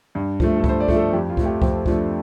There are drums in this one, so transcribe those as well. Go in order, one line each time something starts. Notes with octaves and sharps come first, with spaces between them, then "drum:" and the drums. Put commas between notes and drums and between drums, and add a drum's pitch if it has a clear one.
G2
F3 A3, drum: kick C#2
A4
G2 C5, drum: kick C#2
D5
F3 A3, drum: kick C#2
A4
F2 G4
F4
F3 A3, drum: kick C#2
G4
F2 C4, drum: kick C#2
F3 A3 D4, drum: kick C#2